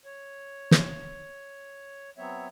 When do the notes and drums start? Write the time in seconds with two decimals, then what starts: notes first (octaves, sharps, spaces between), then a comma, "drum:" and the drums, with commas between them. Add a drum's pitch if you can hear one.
0.05 C#5
0.71 drum: snare
2.18 F#3 B3 C4 C#5 E5